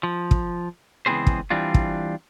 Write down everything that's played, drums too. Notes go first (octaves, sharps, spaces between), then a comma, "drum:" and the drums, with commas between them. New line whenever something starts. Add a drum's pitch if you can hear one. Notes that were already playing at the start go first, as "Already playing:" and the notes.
F3
drum: kick
C#2 E3 B3 C4 G#4 C5
drum: kick
E3 G3 C4 D4 F4
drum: kick